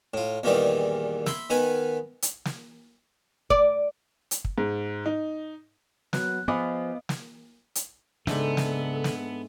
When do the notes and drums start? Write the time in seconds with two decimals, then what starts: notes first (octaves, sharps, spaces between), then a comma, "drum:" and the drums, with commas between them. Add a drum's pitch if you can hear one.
0.14 A2 F4
0.43 E2 A#2 D#3 E3 G3 D#4
1.26 E5 B5 C6, drum: snare
1.50 D#3 B3 B4 G#5
2.22 drum: hi-hat
2.45 drum: snare
3.50 D5, drum: kick
4.31 drum: hi-hat
4.45 drum: kick
4.58 G#2
5.06 D#4
6.13 F#3 B3 F#6, drum: snare
6.48 F3 B3 G#4 D#5 F5 B5 D6
7.09 drum: snare
7.75 drum: hi-hat
8.27 G#2 C#3 B3 D4 A4 E5, drum: snare
8.57 drum: snare
9.04 drum: snare